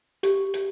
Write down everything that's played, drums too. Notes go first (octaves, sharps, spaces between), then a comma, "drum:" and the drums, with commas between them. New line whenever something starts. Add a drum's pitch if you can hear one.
G4, drum: hi-hat
drum: hi-hat